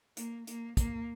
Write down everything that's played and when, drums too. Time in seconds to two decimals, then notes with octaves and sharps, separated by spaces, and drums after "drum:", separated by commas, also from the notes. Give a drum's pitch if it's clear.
0.17 A#3, drum: hi-hat
0.47 A#3, drum: hi-hat
0.77 A#3, drum: kick, hi-hat